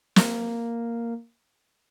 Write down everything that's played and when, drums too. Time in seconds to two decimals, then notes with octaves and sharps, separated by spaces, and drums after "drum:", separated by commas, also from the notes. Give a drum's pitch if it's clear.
0.16 A#3, drum: snare